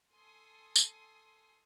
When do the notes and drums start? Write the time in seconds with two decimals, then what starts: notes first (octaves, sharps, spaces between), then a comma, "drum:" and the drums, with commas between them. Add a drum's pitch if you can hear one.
0.13 A4 G#5 C6 D#6
0.76 drum: tambourine